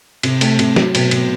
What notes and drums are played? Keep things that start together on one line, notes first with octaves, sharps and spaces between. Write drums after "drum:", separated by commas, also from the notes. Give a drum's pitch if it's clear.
C3, drum: cymbal
A3, drum: cymbal
C3, drum: cymbal
F#3, drum: snare
B2, drum: cymbal
B2, drum: cymbal